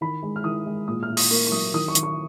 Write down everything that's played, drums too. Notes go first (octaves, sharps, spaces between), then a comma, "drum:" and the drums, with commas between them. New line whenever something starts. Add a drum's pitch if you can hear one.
D#3 B5
G#3
F6
D#3 D#6
G#3
A#2 D#6
F6
A#2
D#6, drum: open hi-hat
A#3 C#6
C#6
F#3 D#6
D#3 D#6
C#6
D#3, drum: hi-hat
C#6